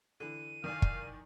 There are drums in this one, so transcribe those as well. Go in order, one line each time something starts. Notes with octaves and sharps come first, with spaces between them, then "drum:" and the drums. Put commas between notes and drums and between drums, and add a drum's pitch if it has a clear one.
D3 E3 D#7
D#3 D5 F5 G#5
drum: kick